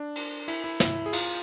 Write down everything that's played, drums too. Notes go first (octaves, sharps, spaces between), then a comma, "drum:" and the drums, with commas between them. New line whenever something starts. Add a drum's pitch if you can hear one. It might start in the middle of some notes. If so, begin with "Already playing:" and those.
Already playing: D4
drum: cymbal
E4, drum: cymbal
E4
E4, drum: snare
G#4
F4, drum: cymbal